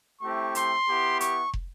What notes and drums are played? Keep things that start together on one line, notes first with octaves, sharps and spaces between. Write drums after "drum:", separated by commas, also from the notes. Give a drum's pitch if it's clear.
A3 C4 E4 G4 C#6
C6, drum: hi-hat
B3 E4 G4
C#6, drum: hi-hat
drum: kick